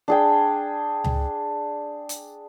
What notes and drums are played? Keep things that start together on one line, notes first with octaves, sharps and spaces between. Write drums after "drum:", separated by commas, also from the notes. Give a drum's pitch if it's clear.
D4 G#4 G5
drum: tom C#2
drum: hi-hat